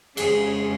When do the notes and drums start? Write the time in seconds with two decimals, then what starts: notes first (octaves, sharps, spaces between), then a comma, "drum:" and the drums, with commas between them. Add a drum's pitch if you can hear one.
0.17 F2 C#3 F3 G#3 G#4, drum: cymbal